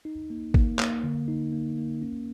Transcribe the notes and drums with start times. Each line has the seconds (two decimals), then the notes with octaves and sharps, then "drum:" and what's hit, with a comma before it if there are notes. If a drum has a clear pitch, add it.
0.05 D#4
0.30 A#3
0.54 A#3, drum: kick G#1
0.79 A#3, drum: clap
1.04 D3
1.28 D#4
1.53 A#3
1.78 A#3
2.02 C#4